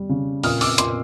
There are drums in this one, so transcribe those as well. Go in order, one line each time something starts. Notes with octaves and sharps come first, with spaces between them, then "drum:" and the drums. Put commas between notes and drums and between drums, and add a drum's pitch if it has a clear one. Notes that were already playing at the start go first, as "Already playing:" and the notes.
Already playing: G3
C#3
A#2 D#6 F6, drum: open hi-hat
D6 E6, drum: open hi-hat
A#2 C6 D6, drum: hi-hat